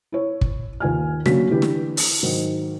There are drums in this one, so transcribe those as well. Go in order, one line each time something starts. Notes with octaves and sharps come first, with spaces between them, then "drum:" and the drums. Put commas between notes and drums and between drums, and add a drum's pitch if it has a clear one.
E4 C#5
drum: kick
D#2 F4 G#5 F6
D3 F#3 A#3 C#4 F#4 B6, drum: snare
D3 E3 E4 G4 B4
drum: snare
drum: open hi-hat
G#2 D#3 F#3